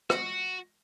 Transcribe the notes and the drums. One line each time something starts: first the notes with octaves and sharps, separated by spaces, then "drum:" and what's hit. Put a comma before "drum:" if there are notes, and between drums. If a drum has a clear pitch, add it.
F#4, drum: rim click